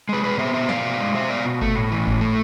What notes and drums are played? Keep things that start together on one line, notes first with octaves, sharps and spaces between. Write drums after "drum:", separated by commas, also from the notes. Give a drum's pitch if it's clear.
G#3 G#4 B4
B2 G#4 B4
B3 C5 E5
B2 C5 E5
B3 D5 F5, drum: snare
B2
G#3
B2 C5 E5
B3 D5 F5
B2
A3, drum: kick G1
A2
E3
A2, drum: kick G1
A3